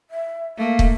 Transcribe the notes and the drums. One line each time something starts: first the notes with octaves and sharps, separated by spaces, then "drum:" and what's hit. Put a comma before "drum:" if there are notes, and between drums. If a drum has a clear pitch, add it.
E5
A3 A#3 F5
drum: kick